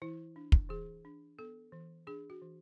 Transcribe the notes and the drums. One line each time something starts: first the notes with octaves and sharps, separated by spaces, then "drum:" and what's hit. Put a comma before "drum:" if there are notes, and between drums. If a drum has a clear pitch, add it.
E3 E4
D4
drum: kick
E3 G#4
D4
B3 A4
E3
D4 G#4
F#4
E3